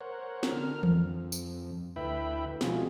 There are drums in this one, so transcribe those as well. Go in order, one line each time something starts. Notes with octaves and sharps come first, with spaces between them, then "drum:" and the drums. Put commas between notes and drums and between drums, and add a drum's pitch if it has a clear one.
A#4 C5 C#5 F#5
drum: snare
D3 A#4 F6
F2, drum: tom E3
drum: tambourine
D2 E4 B4 E5 G5 B5
B2 F3 G#3 F4 F#4 G#4, drum: snare